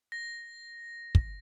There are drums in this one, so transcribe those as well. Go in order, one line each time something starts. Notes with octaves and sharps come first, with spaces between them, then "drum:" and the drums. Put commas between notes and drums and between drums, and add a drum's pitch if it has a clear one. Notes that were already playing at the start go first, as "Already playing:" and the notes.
A#6
drum: kick